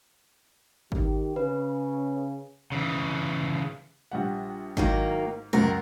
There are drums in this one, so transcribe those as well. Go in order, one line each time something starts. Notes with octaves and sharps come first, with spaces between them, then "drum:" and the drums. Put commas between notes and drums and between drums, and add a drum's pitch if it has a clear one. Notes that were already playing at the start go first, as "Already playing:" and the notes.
D#3 G4, drum: kick G#1
C#3 B4
C#3 E3
A#1 G3 F#5
G#2 D#3 F#3 A#3, drum: kick G#1
C#2 F#2 A#4 F#5